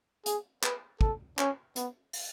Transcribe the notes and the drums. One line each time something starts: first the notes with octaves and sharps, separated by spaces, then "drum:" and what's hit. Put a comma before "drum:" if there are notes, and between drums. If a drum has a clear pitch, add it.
G#4, drum: hi-hat
B4, drum: clap
A4, drum: kick
C#4, drum: clap
B3, drum: hi-hat
drum: open hi-hat